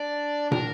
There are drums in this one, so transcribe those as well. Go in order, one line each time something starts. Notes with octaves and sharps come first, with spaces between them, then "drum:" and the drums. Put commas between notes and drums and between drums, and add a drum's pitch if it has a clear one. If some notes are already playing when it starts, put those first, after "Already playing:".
Already playing: D4 D5
A#4, drum: tom